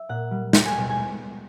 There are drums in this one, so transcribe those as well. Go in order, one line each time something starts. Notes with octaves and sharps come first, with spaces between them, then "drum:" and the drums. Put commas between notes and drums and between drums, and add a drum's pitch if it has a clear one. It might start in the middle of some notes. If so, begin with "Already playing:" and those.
Already playing: E5
A#2 F#5
G3
G#3 G5, drum: snare
G#5
B2 G5
G#5